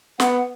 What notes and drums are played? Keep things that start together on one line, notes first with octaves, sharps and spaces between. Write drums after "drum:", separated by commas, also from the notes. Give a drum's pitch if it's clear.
B3 F#5, drum: snare